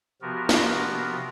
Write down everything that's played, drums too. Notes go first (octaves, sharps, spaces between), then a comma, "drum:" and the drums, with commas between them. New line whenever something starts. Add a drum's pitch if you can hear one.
C3 F3 B3 F#4 A#4
drum: snare